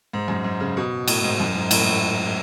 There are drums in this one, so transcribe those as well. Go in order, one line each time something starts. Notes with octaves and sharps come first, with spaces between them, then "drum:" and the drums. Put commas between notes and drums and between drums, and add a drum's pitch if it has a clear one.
G#2
F#2
G#2
C#3
B2
A2, drum: cymbal
G#2
F#2
G#2
A2, drum: cymbal
G#2
A2